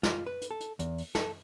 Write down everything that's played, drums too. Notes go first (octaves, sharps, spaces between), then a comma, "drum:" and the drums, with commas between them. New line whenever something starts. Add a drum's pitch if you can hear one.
F4, drum: snare
B4
drum: hi-hat
A4
drum: hi-hat
E2, drum: hi-hat
drum: open hi-hat
A4, drum: snare